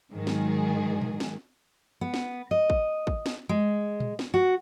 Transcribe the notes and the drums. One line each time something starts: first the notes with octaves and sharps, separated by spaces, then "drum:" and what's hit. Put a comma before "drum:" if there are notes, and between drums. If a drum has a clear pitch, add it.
G#2 D#3 F#3 G#4
drum: snare
drum: tom A#2
drum: snare
B3
drum: snare
D#5
drum: kick
drum: kick
drum: snare
G#3
drum: tom A#2
drum: snare
F#4